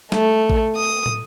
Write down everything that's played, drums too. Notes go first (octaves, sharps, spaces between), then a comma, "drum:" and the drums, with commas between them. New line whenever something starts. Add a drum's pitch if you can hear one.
A3, drum: snare
drum: kick A1
D#6
drum: tom